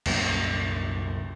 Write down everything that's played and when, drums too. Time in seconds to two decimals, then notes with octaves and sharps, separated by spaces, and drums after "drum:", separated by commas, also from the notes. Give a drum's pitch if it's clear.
0.06 C2 F#2 A#2 A#3, drum: cymbal